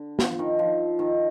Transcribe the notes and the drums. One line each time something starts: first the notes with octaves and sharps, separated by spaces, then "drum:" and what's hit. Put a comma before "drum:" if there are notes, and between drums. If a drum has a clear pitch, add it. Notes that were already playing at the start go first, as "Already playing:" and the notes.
Already playing: D3
F3, drum: snare
D#3
F3
D#3